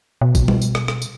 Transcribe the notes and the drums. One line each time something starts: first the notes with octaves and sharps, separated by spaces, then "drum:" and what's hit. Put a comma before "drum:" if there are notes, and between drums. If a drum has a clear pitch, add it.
B2
drum: kick, tambourine
drum: tom G3
drum: tambourine
drum: rim click
drum: rim click
drum: tambourine